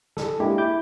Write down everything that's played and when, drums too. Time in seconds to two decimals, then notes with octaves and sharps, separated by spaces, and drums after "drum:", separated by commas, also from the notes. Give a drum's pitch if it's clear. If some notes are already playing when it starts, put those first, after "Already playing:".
0.17 G#4 A4, drum: snare
0.40 G#3 A#3 D4 E4 G4
0.58 E4 D6 G6